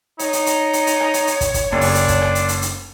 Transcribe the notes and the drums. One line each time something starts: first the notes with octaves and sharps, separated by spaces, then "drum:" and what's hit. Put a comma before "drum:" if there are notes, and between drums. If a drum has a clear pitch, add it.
D#4 C#5, drum: hi-hat
drum: hi-hat
drum: hi-hat
drum: hi-hat
drum: hi-hat
drum: rim click
drum: hi-hat
drum: hi-hat
drum: kick, hi-hat
drum: kick, hi-hat
F#1 D4
drum: open hi-hat
drum: hi-hat
drum: kick, hi-hat
drum: rim click
drum: hi-hat
drum: hi-hat
drum: hi-hat